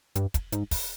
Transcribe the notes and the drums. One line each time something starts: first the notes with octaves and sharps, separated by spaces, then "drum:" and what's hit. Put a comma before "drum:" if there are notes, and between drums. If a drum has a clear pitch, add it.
G2, drum: hi-hat
drum: kick, hi-hat
G#2, drum: hi-hat
drum: kick, open hi-hat